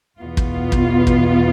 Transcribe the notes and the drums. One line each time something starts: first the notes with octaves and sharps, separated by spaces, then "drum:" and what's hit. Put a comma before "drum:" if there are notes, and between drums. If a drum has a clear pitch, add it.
E2 B2 B3 F4
drum: kick
drum: kick
drum: kick